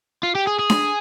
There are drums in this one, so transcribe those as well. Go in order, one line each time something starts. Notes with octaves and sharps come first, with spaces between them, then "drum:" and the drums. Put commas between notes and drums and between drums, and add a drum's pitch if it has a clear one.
F4
G4
G#4
G#4
drum: snare D4